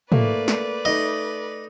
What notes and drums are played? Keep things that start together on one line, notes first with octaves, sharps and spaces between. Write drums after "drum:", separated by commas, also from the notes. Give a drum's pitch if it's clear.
A3 A#3 B4 D5, drum: tom
drum: snare
A3 D#4 D#5